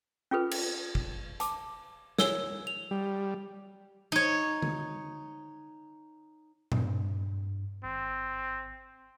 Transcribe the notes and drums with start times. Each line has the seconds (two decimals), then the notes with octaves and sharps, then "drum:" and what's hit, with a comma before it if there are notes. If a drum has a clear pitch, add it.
0.31 C#4 F4 G#4 A4 B4
0.51 drum: cymbal
0.95 drum: kick
1.40 A5 D6, drum: hi-hat
2.19 C#5 E6 G7, drum: snare
2.67 F7
2.91 G3
4.12 D#4 C#5
4.62 drum: tom D3
6.72 G2, drum: tom A#2
7.84 G#1 C4